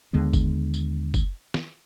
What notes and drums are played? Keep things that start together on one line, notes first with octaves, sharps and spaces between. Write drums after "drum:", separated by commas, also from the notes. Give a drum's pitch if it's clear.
D#2 D3 G#3 B3
drum: kick, tambourine
drum: tambourine
drum: kick, tambourine
drum: snare